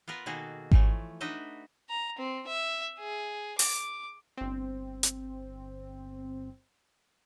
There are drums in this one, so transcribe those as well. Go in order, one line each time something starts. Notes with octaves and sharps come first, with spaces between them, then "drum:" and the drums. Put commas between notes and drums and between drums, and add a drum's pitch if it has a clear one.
B3 F4 A#4 B4
B2 D#3 A#3 F#4 G#4 A4
E3 F3 A3 C#5, drum: kick G#1
D4 D#4 F#4 B4 D#5 E5
A#5
C4
E5
G#4
D6, drum: open hi-hat
G1 C4
drum: hi-hat